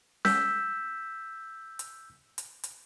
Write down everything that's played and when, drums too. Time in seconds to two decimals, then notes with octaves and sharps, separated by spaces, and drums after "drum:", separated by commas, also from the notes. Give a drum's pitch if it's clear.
0.25 E6 G6 B6, drum: snare C#4
1.79 drum: hi-hat
2.38 drum: hi-hat
2.64 drum: hi-hat